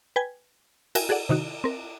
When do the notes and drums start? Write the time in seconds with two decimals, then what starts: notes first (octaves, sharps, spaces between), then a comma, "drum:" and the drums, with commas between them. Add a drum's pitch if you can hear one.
0.16 B4 G5 G#5 G#6
0.95 F#4 A#4 E5 G5 G#5, drum: cymbal
1.09 F#4 G#4 A4 D5 F#5
1.29 C3 D#3 D#4 F#4
1.64 C4 A#4